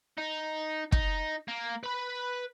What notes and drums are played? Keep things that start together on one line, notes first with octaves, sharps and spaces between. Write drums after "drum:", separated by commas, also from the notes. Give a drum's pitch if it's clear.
D#4
D#4, drum: kick
A#3
B4 B5